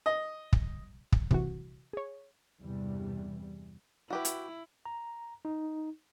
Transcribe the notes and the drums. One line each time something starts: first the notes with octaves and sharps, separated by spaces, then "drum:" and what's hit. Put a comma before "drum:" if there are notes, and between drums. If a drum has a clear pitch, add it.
D#5
drum: kick
drum: kick
C3 E3 F#4, drum: kick
G#4 C#5
E2 G2 C3 E3 G3
E4 F#4 G4 B4
drum: hi-hat
A#5
D#4